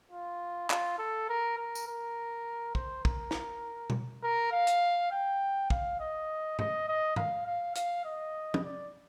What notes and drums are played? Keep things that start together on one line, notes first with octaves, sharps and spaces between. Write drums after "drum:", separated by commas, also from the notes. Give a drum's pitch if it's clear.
F4
F4, drum: clap
A4
A#4
A#4
drum: tambourine
A#4
C5, drum: kick
A#4, drum: kick
drum: snare
drum: tom
A#4
F5
drum: hi-hat
G5
F5, drum: kick
D#5
D#5, drum: tom G2
D#5
F5, drum: tom G2
F5
F5, drum: hi-hat
D#5
drum: tom
D5